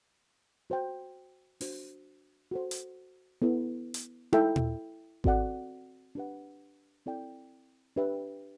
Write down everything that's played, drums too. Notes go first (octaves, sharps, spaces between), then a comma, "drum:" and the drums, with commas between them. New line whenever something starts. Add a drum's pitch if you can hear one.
F#4 C5 G5
D4 F#4 C5, drum: open hi-hat
F#4 A4 C5
drum: hi-hat
B3 E4 A4
drum: hi-hat
E4 A4 E5 G5, drum: tom D#4
drum: tom A#2
C4 F#4 A4 D5 F#5, drum: kick G#1
D4 G4 B4 F#5
C4 E4 A4 D5 G5
D4 G4 B4 E5 G5